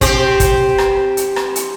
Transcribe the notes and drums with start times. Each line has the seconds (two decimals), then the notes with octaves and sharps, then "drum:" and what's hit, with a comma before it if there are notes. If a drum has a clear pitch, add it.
0.01 C4 G4, drum: kick, hi-hat
0.40 drum: kick, hi-hat
0.78 drum: rim click
1.17 drum: hi-hat
1.36 drum: rim click
1.56 drum: hi-hat